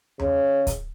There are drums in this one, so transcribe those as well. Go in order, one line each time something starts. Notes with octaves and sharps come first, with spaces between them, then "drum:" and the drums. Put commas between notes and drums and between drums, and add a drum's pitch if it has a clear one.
C#3, drum: tom E2
drum: kick, hi-hat